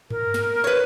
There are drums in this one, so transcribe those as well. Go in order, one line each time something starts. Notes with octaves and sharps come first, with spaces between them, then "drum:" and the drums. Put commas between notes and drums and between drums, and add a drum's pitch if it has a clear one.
A#4, drum: tom G2
drum: snare
B4 C#5